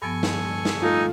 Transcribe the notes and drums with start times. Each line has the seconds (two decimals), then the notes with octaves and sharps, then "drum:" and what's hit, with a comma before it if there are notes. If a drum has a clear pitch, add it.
0.02 G2 F3 B3 A4 G#5 C#6
0.23 drum: snare
0.65 drum: snare
0.82 A3 D#4 F4